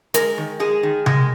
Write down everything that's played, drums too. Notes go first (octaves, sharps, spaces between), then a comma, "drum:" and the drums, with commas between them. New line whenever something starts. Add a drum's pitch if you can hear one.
G#3 A#4, drum: hi-hat
D#3
G#3 G#4
D#3
G#3, drum: tom C3